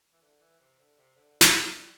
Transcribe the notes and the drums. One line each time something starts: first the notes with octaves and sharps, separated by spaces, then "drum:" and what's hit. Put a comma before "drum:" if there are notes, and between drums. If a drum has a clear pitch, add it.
E3
D3
E3
C3
D3
C3
D3
C3, drum: snare
D3
G3